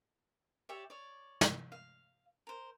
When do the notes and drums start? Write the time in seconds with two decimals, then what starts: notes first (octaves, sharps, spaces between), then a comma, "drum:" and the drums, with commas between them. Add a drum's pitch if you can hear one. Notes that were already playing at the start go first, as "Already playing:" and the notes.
0.69 G4 C#5 D5 E5
0.90 C#5 D5
1.41 drum: snare
1.72 F5
2.47 A#4 C5